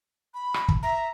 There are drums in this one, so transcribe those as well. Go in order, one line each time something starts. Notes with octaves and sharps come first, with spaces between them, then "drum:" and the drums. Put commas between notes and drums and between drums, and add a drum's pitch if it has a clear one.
B5
drum: rim click
drum: kick
E5 A#5